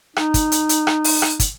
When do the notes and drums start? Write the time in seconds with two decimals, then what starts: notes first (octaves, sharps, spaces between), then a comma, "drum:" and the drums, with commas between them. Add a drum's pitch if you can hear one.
0.16 D#4, drum: rim click
0.34 drum: kick, hi-hat
0.52 drum: hi-hat
0.69 drum: hi-hat
0.87 drum: rim click
1.04 drum: open hi-hat
1.22 drum: rim click
1.40 drum: kick, hi-hat